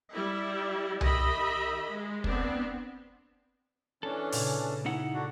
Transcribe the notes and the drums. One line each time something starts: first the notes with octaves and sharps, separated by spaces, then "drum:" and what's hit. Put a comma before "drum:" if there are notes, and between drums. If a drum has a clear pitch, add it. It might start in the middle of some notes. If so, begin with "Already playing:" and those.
G3 E4
D#3 G4 D#5 E5 B5, drum: tom C2
G#3
B3 C4 D4, drum: kick
E3 C#4 D4 A4
A#2 C#3, drum: open hi-hat
D#4 E4 F#5
D3 D4 F#4